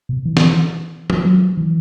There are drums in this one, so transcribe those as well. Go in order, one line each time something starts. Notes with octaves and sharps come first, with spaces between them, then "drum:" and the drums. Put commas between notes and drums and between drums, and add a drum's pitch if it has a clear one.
B2
E3
drum: snare
drum: tom
F#3
E3